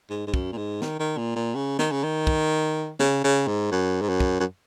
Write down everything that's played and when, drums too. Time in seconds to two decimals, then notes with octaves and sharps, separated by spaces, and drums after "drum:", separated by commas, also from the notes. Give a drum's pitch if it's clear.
0.10 G#2
0.27 G#2
0.34 F#2, drum: kick
0.53 A#2
0.57 G#2
0.82 D#3, drum: snare
0.99 D#3
1.18 A#2
1.36 A#2
1.55 C#3
1.79 D#3, drum: snare
1.92 C#3
2.03 D#3
2.27 drum: kick
3.00 C#3, drum: snare
3.24 C#3
3.47 G#2
3.72 F#2
4.02 G#2
4.09 F#2
4.20 drum: kick
4.40 F#2